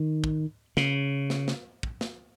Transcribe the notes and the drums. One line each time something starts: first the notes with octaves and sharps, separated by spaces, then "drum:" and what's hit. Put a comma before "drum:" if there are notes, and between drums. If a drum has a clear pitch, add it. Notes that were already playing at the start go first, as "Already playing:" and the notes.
Already playing: D#3
drum: kick
C#3, drum: snare
drum: snare
drum: snare
drum: kick
drum: snare